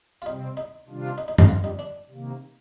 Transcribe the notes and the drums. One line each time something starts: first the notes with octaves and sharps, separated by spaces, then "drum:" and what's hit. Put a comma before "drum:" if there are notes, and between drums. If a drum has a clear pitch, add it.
F4
C3 G3 C4 D#4
D#4
C3 D#3 G3 D4 F4
D#4
D#4
D#4, drum: tom
F2 D3 G3 F4
D#4
D4
C3 D#3 A#3